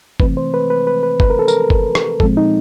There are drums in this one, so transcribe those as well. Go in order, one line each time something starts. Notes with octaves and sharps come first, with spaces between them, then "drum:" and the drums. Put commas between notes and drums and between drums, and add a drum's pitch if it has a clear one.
C3 E3 A3 C4 B4, drum: kick G1
C5
B4
B4
B4
B4
B4, drum: kick G1
A#4
A4
A#4, drum: tambourine
drum: kick G1
drum: rim click
A#2 F3 G#3 C4 A4, drum: kick G1
D#4